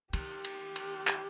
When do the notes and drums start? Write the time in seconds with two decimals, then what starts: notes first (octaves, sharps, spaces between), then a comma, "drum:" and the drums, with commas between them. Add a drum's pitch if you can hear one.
0.13 D#3 G4, drum: cymbal
0.45 drum: cymbal
0.76 drum: cymbal
1.07 drum: clap